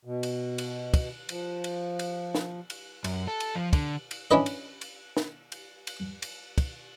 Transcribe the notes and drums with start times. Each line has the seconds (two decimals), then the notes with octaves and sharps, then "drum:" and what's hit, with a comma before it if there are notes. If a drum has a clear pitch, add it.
0.05 B2
0.23 drum: cymbal
0.58 drum: cymbal
0.94 drum: kick, cymbal
1.29 F3, drum: cymbal
1.64 drum: cymbal
1.99 drum: cymbal
2.35 drum: snare
2.70 drum: cymbal
3.04 F#2, drum: cymbal
3.28 A4
3.40 drum: cymbal
3.55 F3
3.73 D3, drum: kick, cymbal
4.11 drum: cymbal
4.31 C#4 D4 E4 B4 D#5
4.46 drum: cymbal
4.81 drum: cymbal
5.17 drum: snare
5.52 drum: cymbal
5.87 drum: cymbal
6.22 drum: cymbal
6.58 drum: kick, cymbal